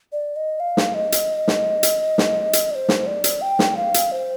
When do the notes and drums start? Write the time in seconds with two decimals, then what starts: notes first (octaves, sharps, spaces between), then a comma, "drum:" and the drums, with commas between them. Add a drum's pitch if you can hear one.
0.12 D5
0.36 D#5
0.60 F5
0.77 drum: snare
0.94 D#5
1.12 drum: hi-hat
1.48 drum: snare
1.83 drum: hi-hat
2.18 drum: snare
2.53 drum: hi-hat
2.71 D5
2.75 C5
2.89 drum: snare
3.07 D5
3.24 drum: hi-hat
3.42 G5
3.59 drum: snare
3.77 F5
3.94 drum: hi-hat
4.12 C5